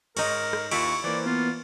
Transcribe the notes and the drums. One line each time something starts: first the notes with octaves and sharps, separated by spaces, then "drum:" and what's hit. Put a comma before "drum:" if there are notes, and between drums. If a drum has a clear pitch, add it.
G#2 D#4 A#4 C#5 C#6, drum: cymbal
drum: rim click
D#2 E4 F4 C#6 D7, drum: cymbal
E3 A#3 C5 D5
B3 F4